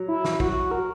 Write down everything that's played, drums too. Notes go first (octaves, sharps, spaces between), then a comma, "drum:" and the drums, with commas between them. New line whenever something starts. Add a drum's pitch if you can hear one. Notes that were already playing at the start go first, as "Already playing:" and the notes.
Already playing: F#3
E4
drum: snare
F#3 F#4, drum: kick
A#4